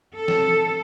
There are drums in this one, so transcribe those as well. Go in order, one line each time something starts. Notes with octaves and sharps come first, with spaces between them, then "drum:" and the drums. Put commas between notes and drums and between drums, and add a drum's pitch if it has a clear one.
A4
drum: snare